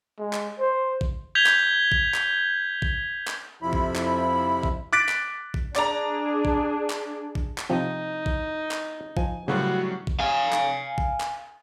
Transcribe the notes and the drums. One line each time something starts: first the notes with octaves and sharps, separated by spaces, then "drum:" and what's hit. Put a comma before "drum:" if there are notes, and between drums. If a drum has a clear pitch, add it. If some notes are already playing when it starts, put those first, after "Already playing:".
G#3
drum: clap
C5
drum: kick A1
G6 G#6 B6 F7 G7
drum: clap
drum: kick A1
drum: clap
drum: kick A1
drum: clap
F2 C3 F3 E4 B5
drum: kick A1
drum: clap
drum: kick A1
D6 F#6 A6 B6 D7
drum: clap
drum: kick A1
D4 G#4 D5 A#5, drum: clap
drum: kick A1
drum: clap
drum: kick A1
drum: clap
C3 F3 C4 D#4
drum: kick A1
drum: clap
F3 G#5, drum: kick A1
A2 C#3 F#3 G3 F#4 A#4 C5
drum: kick A1
F5 G#5
drum: clap
drum: kick A1
drum: clap